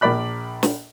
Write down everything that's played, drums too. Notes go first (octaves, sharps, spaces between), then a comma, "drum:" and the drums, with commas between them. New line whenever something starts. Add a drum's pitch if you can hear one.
A#1 A#4 D5 B5 F#6
drum: snare